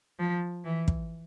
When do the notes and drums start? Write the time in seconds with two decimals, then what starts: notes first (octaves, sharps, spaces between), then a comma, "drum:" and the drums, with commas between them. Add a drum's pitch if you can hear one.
0.19 F3
0.65 E3
0.88 drum: kick